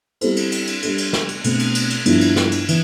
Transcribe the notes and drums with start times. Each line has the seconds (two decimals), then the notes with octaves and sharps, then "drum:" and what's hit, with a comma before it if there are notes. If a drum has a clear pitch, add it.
0.21 G3 C4 E4 A4 C5, drum: cymbal
0.36 drum: cymbal
0.52 drum: cymbal
0.67 drum: cymbal
0.82 G3 D4 A4, drum: cymbal
0.98 drum: cymbal
1.13 drum: snare
1.29 drum: cymbal
1.44 B2 A3 C4, drum: cymbal
1.59 drum: cymbal
1.75 drum: cymbal
1.90 drum: cymbal
2.06 G2 F3 B3 E4, drum: cymbal
2.21 drum: cymbal
2.36 drum: snare
2.52 drum: cymbal
2.68 E3, drum: cymbal